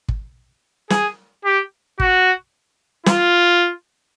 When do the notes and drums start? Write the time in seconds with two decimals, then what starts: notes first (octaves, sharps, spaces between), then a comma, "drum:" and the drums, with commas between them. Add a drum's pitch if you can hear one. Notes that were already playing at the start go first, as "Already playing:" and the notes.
0.08 drum: kick
0.90 G#4, drum: snare
1.45 G4
2.00 F#4, drum: kick
3.06 F4, drum: snare